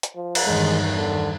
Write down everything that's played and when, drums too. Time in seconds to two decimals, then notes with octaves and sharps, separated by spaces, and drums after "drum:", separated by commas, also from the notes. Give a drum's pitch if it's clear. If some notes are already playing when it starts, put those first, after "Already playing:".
0.03 drum: hi-hat
0.15 F3
0.35 drum: cymbal
0.45 E2 G2 D#3 G#3
0.96 D3